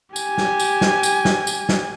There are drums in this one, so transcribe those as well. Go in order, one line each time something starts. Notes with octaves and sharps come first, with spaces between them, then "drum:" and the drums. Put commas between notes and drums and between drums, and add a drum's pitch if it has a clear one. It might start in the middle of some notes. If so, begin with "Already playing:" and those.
G4 G#5, drum: tambourine
drum: snare
drum: tambourine
drum: snare
drum: tambourine
drum: snare
drum: tambourine
drum: snare